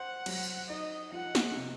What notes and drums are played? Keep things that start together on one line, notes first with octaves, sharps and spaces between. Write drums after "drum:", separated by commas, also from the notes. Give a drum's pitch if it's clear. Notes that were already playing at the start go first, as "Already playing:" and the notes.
Already playing: C5 F#5
F#3, drum: cymbal
drum: tambourine
D#4 D#5
F3 F#5
drum: snare
C3